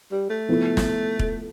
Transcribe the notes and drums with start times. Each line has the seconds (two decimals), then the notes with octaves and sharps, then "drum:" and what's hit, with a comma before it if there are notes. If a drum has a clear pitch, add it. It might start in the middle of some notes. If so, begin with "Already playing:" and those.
0.11 G3
0.30 A3
0.49 F3 B3 E4 A4
0.77 drum: snare
1.19 drum: kick